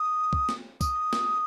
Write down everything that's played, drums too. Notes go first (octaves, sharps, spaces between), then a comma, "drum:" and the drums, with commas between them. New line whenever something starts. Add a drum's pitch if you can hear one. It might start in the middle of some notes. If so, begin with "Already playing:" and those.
Already playing: D#6
drum: kick
drum: snare
D#6, drum: kick, tambourine
drum: snare